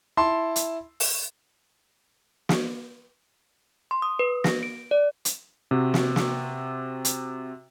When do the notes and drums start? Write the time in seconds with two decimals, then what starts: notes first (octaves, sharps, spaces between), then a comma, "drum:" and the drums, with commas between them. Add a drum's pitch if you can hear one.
0.17 E4 A5 C6
0.56 drum: hi-hat
1.00 drum: open hi-hat
2.49 drum: snare
3.91 C6
4.02 D#6
4.19 B4
4.44 A#6, drum: snare
4.63 D7
4.91 D5
5.25 drum: hi-hat
5.71 C3 C4 F#4
5.94 drum: snare
6.16 drum: snare
7.05 drum: hi-hat